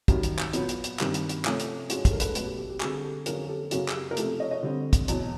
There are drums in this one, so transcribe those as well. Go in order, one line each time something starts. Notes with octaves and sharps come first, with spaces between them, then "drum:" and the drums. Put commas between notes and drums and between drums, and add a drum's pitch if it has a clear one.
F#2 D#3 G3 F#4, drum: kick, hi-hat
drum: hi-hat
drum: clap
A#2 F#3 B3, drum: hi-hat
drum: hi-hat
drum: hi-hat
G2 D#3 G3 C4, drum: clap
drum: hi-hat
drum: hi-hat
C3 F3 A3 C#4, drum: clap
drum: hi-hat
G#2 F3 G#3 C#4 F#4 G#4, drum: hi-hat
G4 A4, drum: kick, hi-hat
A#4
A4 B4, drum: hi-hat
B2 F#3 A3 A4 B4, drum: hi-hat
G4
G4
G4
D3 G3 C4 F#4 G#4, drum: clap
G4 A4
F2 D3 F#3 A#3 C#4 G#4 A#4, drum: hi-hat
G#4
G4 A4
F#2 C#3 F#3 A#3 F#4 G#4, drum: hi-hat
G#4, drum: clap
G4
A#4
C3 F3 A3 G4 A4, drum: hi-hat
C#5 D#5
C#5 D#5
D3 G3 C4
drum: kick, hi-hat
E2 B2 F#3, drum: hi-hat